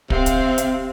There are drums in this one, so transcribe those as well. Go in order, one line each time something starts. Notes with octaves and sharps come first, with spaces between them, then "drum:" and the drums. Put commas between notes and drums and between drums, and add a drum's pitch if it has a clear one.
C3 C4 F5, drum: kick
drum: hi-hat
drum: hi-hat